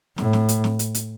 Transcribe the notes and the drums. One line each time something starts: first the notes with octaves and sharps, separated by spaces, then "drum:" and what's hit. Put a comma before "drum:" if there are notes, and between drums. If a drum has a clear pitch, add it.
A2, drum: snare
drum: snare
drum: hi-hat
drum: snare
drum: hi-hat
drum: hi-hat